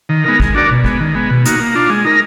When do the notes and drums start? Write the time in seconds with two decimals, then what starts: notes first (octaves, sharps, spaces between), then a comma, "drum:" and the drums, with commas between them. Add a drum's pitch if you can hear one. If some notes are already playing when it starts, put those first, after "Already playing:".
0.09 D#3
0.24 G#3 B3 D#4 A#4
0.40 G#3, drum: kick G#1
0.55 D4 F#4 A#4 D5
0.71 B2
0.84 G#3 B3, drum: kick G#1
1.00 D#3
1.15 G#3 B3
1.30 B2
1.45 A#3 D#4 F#4, drum: hi-hat
1.60 A#3
1.75 D4 F4
1.90 G#3
2.05 D#4 A#4